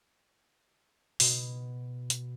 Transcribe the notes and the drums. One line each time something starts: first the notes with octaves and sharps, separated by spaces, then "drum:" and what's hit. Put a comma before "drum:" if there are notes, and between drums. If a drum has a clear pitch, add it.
B2, drum: open hi-hat
drum: hi-hat